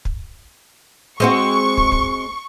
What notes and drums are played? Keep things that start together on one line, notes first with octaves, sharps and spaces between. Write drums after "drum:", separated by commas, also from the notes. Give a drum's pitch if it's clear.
drum: kick
G#3 C4 F#4 C#6
drum: kick
drum: kick